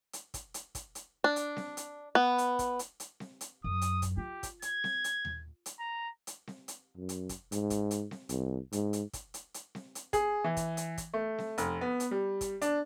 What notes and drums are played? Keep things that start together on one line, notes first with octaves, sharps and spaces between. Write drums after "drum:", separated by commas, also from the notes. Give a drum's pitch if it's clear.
drum: hi-hat
drum: kick, hi-hat
drum: hi-hat
drum: kick, hi-hat
drum: hi-hat
D4
drum: hi-hat
drum: snare C4
drum: hi-hat
B3
drum: hi-hat
drum: kick, hi-hat
drum: hi-hat
drum: hi-hat
drum: snare C4
drum: hi-hat
F#2 D#6
drum: hi-hat
drum: kick, hi-hat
F4 G4
drum: kick, hi-hat
G#6, drum: hi-hat
drum: snare C4
drum: hi-hat
drum: tom D#2
drum: hi-hat
A#5
drum: hi-hat
drum: snare C4
drum: hi-hat
F#2
drum: hi-hat
drum: kick, hi-hat
G#2, drum: hi-hat
drum: kick, hi-hat
drum: hi-hat
drum: snare C4
C2, drum: hi-hat
G#2, drum: hi-hat
drum: hi-hat
drum: kick, hi-hat
drum: hi-hat
drum: hi-hat
drum: snare C4
drum: hi-hat
G#4, drum: kick, hi-hat
E3
drum: kick, hi-hat
drum: hi-hat
drum: kick, hi-hat
A3
drum: snare C4
F1, drum: hi-hat
B3
drum: hi-hat
G3
drum: kick, hi-hat
D4, drum: hi-hat